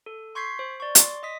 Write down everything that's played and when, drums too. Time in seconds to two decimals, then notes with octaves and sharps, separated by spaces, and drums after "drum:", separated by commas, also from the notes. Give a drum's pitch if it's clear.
0.06 A4
0.35 C6 C#6 G6 G#6 B6 C7
0.59 C5
0.80 D5 C#6
0.95 C6 D6, drum: hi-hat
1.23 D#5 D#6 B6